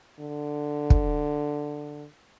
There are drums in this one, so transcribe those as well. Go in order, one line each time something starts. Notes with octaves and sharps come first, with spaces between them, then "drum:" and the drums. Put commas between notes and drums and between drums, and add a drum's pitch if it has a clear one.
D3
drum: kick